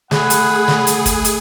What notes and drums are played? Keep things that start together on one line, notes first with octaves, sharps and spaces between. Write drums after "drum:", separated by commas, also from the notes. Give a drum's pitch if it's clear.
A3 G#4 F#5 B5, drum: snare
drum: hi-hat
drum: snare
drum: hi-hat
drum: kick, hi-hat
drum: hi-hat